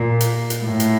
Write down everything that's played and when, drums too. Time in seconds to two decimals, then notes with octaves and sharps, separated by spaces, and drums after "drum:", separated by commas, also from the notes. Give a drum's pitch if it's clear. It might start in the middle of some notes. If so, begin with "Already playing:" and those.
Already playing: A#2
0.20 drum: hi-hat
0.50 drum: hi-hat
0.65 A2
0.80 drum: hi-hat